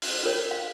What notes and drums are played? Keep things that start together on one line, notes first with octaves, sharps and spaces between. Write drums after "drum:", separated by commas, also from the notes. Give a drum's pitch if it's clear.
drum: open hi-hat
F4 A#4 C#5
F5